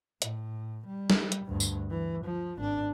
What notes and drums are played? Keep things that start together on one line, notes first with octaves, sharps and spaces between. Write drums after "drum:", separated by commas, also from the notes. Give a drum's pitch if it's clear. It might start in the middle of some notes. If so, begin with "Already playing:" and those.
A2, drum: hi-hat
G3
drum: snare
drum: hi-hat
D2 G2
drum: tambourine
E3
F3
G#1 D4